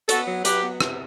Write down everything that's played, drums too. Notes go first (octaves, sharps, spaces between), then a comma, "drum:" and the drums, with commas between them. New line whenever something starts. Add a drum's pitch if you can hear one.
B3 F#4 A4, drum: hi-hat
F#3
F#3 G4 B4, drum: hi-hat
B3
C3, drum: rim click